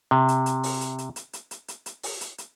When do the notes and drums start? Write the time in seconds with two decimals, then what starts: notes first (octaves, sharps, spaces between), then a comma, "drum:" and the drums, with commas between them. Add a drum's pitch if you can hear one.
0.11 C3
0.28 drum: hi-hat
0.46 drum: hi-hat
0.63 drum: open hi-hat
0.81 drum: hi-hat
0.98 drum: hi-hat
1.16 drum: hi-hat
1.33 drum: hi-hat
1.51 drum: hi-hat
1.68 drum: hi-hat
1.86 drum: hi-hat
2.03 drum: open hi-hat
2.21 drum: hi-hat
2.38 drum: hi-hat